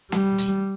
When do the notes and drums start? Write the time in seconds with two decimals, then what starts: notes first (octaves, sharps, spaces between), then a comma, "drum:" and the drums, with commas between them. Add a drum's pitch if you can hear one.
0.12 G3, drum: snare
0.38 drum: hi-hat